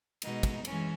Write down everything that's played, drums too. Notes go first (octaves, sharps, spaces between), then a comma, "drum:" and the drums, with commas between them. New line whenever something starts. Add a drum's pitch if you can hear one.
B2 G#3 D#4, drum: cymbal
drum: kick, cymbal
E3 G#3 C#4, drum: cymbal